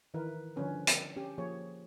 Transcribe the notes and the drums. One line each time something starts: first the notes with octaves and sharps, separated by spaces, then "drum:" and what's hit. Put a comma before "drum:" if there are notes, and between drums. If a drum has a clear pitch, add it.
D#3 E3 E4 A#4 B4
D3 F3 G3 C#4 B4
drum: hi-hat
C#4 G4
F3 A#3 G#4 C#5